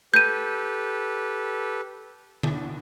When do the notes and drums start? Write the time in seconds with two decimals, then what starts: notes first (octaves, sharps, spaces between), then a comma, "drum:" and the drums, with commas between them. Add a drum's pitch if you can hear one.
0.14 G4 A4 B4 G6 D#7
2.43 drum: tom D3